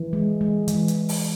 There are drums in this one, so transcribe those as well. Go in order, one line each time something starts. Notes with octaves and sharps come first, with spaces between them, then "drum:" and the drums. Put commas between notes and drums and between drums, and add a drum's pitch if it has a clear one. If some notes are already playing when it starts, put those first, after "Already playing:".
Already playing: E3
G#3
G#3
E3, drum: hi-hat
drum: hi-hat
drum: open hi-hat